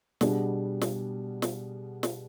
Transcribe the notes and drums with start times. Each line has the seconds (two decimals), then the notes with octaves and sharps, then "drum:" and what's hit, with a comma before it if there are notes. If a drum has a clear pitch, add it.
0.21 B2 G3 B3 D4 G#4, drum: snare
0.81 drum: snare
1.42 drum: snare
2.03 drum: snare